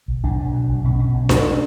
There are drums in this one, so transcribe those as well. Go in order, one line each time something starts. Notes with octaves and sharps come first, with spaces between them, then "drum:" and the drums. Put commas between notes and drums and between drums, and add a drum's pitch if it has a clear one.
B1
B1 D4
B1
B2
B1
B2 C#4
B2 C#4
B1
B1 C#4, drum: snare D4